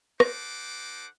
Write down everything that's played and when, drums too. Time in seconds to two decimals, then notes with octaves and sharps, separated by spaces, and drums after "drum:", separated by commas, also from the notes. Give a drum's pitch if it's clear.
0.20 D#4 A4 C5 F#5 D6, drum: rim click